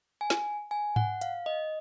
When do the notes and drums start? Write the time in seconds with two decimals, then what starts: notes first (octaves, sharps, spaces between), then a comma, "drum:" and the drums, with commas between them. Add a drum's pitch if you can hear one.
0.21 G#5
0.30 drum: snare
0.71 G#5
0.96 F#5, drum: tom G#2
1.21 F5, drum: hi-hat
1.46 D#5